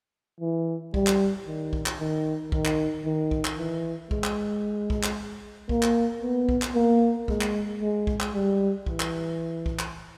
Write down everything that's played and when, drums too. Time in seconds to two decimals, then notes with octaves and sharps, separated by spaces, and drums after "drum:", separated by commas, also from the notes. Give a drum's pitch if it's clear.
0.40 E3
0.94 G3, drum: kick
1.07 drum: clap
1.47 D#3
1.73 drum: kick
1.86 drum: clap
1.99 D#3
2.52 D#3, drum: kick
2.65 drum: clap
3.05 D#3
3.31 drum: kick
3.45 drum: clap
3.58 E3
4.11 G#3, drum: kick
4.24 drum: clap
4.90 drum: kick
5.03 drum: clap
5.69 A#3, drum: kick
5.82 drum: clap
6.22 B3
6.49 drum: kick
6.62 drum: clap
6.75 A#3
7.28 G#3, drum: kick
7.41 drum: clap
7.81 G#3
8.07 drum: kick
8.20 drum: clap
8.33 G3
8.86 E3, drum: kick
9.00 drum: clap
9.66 drum: kick
9.79 drum: clap